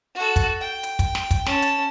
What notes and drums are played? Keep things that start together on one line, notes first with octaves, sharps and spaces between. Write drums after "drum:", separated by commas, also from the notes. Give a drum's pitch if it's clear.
F#4 A4
drum: kick, hi-hat
G5
drum: hi-hat
drum: kick, hi-hat
drum: snare
drum: kick, hi-hat
C#4 A5, drum: snare
drum: hi-hat